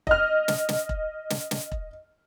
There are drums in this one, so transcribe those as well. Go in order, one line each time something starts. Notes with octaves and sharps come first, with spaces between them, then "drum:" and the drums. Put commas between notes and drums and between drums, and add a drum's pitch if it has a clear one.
D#5 F6, drum: kick E1
drum: snare
drum: snare
drum: kick E1
drum: snare
drum: snare
drum: kick E1